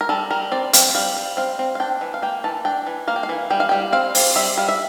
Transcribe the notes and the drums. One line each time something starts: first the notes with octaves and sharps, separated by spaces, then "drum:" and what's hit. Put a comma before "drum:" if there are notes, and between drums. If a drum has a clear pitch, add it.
A#4
G3 A4
G3 A#4
C4 D5
C4 F5, drum: hi-hat
G3 F5
G3
C4 F5
C4
F5
D4 G5
E3
F5
A#3 G5
E3 A5
D4 G5
E3
A#3 F5
G5
F5
E3
G3 G5
F5
G3 G5
C4 F5
C4, drum: open hi-hat
G3 E5
G3 F5
E5